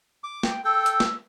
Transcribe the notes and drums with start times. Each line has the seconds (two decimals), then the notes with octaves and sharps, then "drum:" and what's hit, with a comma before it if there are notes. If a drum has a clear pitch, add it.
0.24 D6
0.43 G5, drum: snare
0.65 A4 G5 E6
0.86 drum: hi-hat
1.00 drum: snare